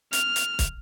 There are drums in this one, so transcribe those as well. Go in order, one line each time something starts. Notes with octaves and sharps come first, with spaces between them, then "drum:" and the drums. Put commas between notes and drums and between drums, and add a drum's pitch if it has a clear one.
F6, drum: hi-hat
drum: hi-hat
drum: kick, hi-hat